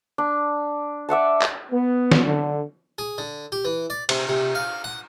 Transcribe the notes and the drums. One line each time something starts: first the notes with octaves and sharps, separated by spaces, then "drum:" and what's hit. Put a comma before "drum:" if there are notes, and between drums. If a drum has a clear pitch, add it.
D4
D5 E5 F#5 A5
drum: clap
B3
drum: snare
D3
G#4
D3
G4
E3
D5
C3, drum: cymbal
C3
F5
F#5